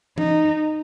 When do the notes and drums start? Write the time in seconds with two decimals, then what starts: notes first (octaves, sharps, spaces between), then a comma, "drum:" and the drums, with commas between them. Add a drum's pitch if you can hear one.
0.18 D#4, drum: tom E3